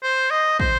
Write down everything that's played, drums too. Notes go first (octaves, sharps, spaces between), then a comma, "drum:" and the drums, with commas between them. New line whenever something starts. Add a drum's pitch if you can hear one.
C5
D#5
C5, drum: kick